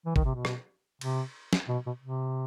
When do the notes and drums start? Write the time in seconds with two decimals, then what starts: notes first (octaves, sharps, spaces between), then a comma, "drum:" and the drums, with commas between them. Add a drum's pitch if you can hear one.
0.06 E3
0.16 D#3, drum: kick G#1
0.25 C3
0.34 B2
0.45 drum: rim click
1.01 C3, drum: cymbal
1.53 drum: snare
1.68 B2
1.86 B2
2.02 C3